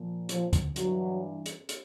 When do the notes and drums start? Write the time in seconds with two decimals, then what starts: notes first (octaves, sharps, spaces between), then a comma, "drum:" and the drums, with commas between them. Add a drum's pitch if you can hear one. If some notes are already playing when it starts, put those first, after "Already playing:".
Already playing: A#2 F3
0.29 F3, drum: hi-hat
0.53 drum: kick D2, hi-hat
0.76 G2 E3 F#3, drum: hi-hat
1.46 drum: hi-hat
1.69 drum: hi-hat